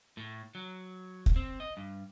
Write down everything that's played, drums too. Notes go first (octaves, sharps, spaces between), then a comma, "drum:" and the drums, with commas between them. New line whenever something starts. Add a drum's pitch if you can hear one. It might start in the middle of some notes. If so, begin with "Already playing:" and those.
A2
F#3
drum: kick
C4
D#5
G2